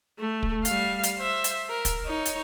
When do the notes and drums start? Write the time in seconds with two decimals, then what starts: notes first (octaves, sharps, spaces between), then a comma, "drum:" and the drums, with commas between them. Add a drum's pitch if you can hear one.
0.19 A3
0.43 drum: kick
0.65 G3 F5, drum: hi-hat
1.04 drum: hi-hat
1.18 C5 E5
1.44 drum: hi-hat
1.69 A#4
1.85 drum: kick, hi-hat
2.05 D#4 C#5
2.26 drum: hi-hat